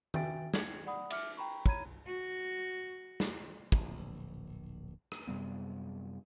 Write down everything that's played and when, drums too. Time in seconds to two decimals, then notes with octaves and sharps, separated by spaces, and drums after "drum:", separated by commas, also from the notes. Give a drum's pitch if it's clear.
0.14 F#4 E5 G5 G#5 A6 D7, drum: tom D#3
0.54 G#6 C#7, drum: snare
0.86 D5 F#5 B5 D#6
1.10 E5 D6 F6 C#7, drum: cymbal
1.37 G5 A#5 B5 C#6
1.66 C#5 A#5 B5 G#6 D#7, drum: kick
2.06 F#4
3.20 drum: snare
3.72 D1 A#1, drum: kick
5.12 drum: rim click
5.27 F#2 C3 G3 B3